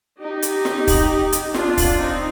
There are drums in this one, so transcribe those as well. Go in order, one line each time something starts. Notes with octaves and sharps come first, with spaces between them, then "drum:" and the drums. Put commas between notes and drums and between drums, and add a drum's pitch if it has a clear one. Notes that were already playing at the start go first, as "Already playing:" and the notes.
D#4 G4
drum: hi-hat
drum: snare
drum: kick, open hi-hat
drum: hi-hat
D4 F4, drum: snare
drum: kick, open hi-hat
C4 D#4